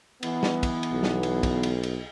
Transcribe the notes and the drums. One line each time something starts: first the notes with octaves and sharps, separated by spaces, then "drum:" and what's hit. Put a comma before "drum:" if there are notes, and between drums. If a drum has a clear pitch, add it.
E3 B3, drum: cymbal
drum: snare
drum: kick, cymbal
drum: cymbal
B1
drum: snare
drum: cymbal
drum: kick, cymbal
drum: cymbal
drum: cymbal